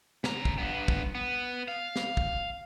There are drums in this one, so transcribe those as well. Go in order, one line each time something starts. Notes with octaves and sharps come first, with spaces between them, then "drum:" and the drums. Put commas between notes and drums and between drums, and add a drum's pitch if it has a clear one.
C#3 A#5, drum: snare
drum: kick
G2 B3
drum: kick
B3
F5
drum: snare
drum: kick